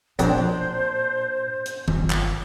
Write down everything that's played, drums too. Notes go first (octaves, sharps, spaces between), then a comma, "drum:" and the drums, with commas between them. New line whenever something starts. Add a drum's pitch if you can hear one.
F2 A#2 F#3 D4 A#4 C5 G#5, drum: hi-hat
drum: hi-hat
G1 F4, drum: tom
drum: clap